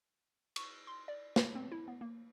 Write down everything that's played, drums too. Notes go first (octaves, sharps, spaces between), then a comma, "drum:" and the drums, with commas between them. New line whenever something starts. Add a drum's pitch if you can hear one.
C#6, drum: cymbal
C6
D5
A#3, drum: snare
C4
E4
B3
A#3